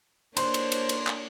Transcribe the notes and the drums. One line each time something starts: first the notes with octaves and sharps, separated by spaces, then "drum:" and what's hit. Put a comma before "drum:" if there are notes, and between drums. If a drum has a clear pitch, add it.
A#3 D4 C5 C#5 C6, drum: cymbal
drum: cymbal
drum: cymbal
drum: cymbal
drum: clap